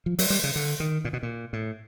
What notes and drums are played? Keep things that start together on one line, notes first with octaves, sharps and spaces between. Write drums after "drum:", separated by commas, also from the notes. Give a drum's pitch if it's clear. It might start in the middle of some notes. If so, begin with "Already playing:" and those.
F3
F#3, drum: open hi-hat
G3
C#3
D3
D#3
A#2
B2
A#2
A2